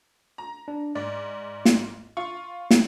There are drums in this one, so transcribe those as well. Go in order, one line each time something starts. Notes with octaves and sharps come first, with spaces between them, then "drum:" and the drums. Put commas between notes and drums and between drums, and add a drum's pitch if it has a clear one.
A#5
D4
G#2 D5
drum: snare
F4 C#6
drum: snare